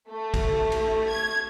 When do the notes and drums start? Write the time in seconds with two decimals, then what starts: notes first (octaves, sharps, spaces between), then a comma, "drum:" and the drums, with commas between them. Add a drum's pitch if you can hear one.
0.10 A3
0.34 drum: kick, cymbal
0.72 drum: cymbal
1.10 G#6